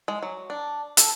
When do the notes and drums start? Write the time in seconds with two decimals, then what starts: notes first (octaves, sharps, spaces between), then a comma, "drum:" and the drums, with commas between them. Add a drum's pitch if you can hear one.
0.08 G#3
0.23 F#3
0.50 D4
0.97 A4, drum: hi-hat